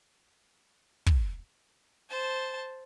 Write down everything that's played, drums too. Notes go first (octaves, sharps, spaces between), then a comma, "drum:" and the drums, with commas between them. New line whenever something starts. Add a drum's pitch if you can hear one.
drum: kick
C5 A5